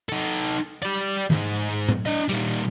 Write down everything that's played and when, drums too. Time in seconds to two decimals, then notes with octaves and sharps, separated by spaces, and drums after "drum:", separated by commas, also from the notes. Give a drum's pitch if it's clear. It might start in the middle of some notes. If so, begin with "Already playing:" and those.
0.09 D#4 A4
0.83 G4 D5
1.30 C2 G#2, drum: tom
1.89 drum: tom A2
2.06 D4 D#5
2.29 A#2 G3, drum: hi-hat